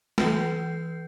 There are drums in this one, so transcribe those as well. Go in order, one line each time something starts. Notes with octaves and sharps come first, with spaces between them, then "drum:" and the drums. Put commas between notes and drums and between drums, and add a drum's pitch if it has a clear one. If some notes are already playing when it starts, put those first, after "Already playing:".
E3 B4 G6 C7, drum: snare